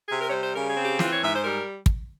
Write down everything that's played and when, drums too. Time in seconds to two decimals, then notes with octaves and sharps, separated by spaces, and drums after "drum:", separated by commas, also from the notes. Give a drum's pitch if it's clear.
0.09 C3 G#4
0.20 A#4
0.27 C#5
0.31 G3 C5
0.43 C5
0.54 C#3 A#4
0.69 G#4
0.77 C4
0.85 G4
0.99 E3 F4, drum: snare
1.11 C#5
1.22 G#2 E5
1.34 C5
1.45 G3 A#4
1.86 drum: kick